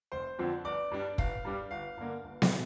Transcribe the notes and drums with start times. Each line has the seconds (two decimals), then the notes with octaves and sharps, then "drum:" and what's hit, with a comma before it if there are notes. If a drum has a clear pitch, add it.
0.12 F1 C5
0.39 F2 D3 F3 C4
0.65 G1 D5
0.91 G2 G3 D4
1.18 G1 F5, drum: kick
1.45 G2 G3 D4
1.71 G1 F5
1.97 G2 D3 A#3
2.24 G1
2.42 drum: snare B3